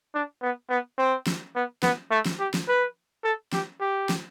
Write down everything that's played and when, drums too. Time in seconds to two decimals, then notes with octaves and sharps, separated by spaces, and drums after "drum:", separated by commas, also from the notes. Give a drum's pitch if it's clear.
0.14 D4
0.42 B3
0.70 B3
0.98 C4
1.27 drum: snare
1.55 B3
1.83 B3, drum: snare
2.11 A3
2.26 drum: snare
2.40 G4
2.54 drum: snare
2.69 B4
3.24 A4
3.53 G4, drum: snare
3.80 G4
4.09 drum: snare